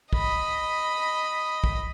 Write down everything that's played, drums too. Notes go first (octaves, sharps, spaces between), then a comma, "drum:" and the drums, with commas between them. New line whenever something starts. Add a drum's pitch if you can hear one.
D#5 B5, drum: kick
drum: kick